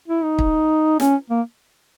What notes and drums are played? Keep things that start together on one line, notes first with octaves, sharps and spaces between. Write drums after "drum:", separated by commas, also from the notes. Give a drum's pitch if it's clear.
E4
D#4
drum: kick
C#4, drum: snare
A#3